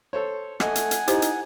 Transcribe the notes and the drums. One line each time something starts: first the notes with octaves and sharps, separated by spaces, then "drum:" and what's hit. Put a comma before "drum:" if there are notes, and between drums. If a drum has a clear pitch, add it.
A4 C5 C#5
A3 D#5 F#5 G#5, drum: rim click
drum: hi-hat
drum: hi-hat
D#4 E4 G4 C5, drum: hi-hat
drum: hi-hat